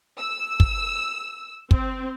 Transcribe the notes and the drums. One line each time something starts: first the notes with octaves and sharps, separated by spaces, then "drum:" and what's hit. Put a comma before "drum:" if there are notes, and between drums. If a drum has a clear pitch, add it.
E6
drum: kick
C4, drum: kick